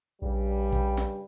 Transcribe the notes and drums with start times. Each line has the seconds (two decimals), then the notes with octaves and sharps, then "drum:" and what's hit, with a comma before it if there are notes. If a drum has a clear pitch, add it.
0.22 A#1 G2 C#3 G3
0.72 drum: kick
0.97 drum: snare